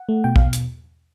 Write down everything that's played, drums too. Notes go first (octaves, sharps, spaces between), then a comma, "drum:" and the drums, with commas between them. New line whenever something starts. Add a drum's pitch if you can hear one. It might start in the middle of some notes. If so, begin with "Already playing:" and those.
Already playing: F#5
A3
B2 G5
F5, drum: kick A#1
drum: hi-hat